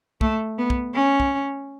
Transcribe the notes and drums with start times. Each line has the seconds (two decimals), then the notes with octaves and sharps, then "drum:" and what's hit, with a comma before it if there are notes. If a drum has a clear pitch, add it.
0.21 A3, drum: kick
0.58 B3
0.70 drum: kick
0.94 C#4
1.20 drum: kick